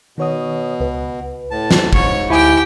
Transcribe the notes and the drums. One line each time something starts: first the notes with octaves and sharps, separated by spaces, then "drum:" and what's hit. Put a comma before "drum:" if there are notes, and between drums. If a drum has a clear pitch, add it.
B2 D#3 C#5 D#6
C#2 B4
A2 A5
drum: snare
G#2 C#5, drum: kick
D2 E4 G4 G5 G#5